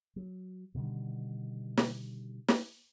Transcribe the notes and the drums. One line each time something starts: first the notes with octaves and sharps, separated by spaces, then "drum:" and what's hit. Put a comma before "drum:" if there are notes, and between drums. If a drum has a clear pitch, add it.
F#3
B2 D3 D#3 G3
drum: snare
drum: snare